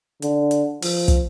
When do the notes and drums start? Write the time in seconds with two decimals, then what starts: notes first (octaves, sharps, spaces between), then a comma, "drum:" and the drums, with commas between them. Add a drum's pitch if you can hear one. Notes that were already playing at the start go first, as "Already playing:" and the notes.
0.22 D3, drum: hi-hat
0.51 drum: hi-hat
0.82 F3, drum: open hi-hat
1.08 drum: kick, hi-hat